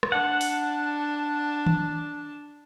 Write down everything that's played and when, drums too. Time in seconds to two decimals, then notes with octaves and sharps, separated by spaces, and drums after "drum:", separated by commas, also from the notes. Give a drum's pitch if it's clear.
0.03 drum: rim click
0.12 D4 F#5 A5
0.41 drum: open hi-hat
1.66 drum: tom D#3